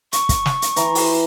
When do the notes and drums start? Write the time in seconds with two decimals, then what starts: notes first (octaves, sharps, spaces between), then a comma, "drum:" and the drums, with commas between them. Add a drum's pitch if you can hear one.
0.13 C#6, drum: hi-hat
0.29 drum: kick, hi-hat
0.46 drum: snare
0.62 drum: hi-hat
0.76 E3 A#5, drum: hi-hat
0.95 drum: open hi-hat